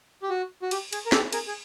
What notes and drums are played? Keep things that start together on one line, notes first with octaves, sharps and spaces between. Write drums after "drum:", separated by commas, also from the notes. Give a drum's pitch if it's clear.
G4
F#4
F#4
G4, drum: cymbal
G#4, drum: cymbal
A#4
G4 A4, drum: snare
G#4 A#4, drum: cymbal
G#4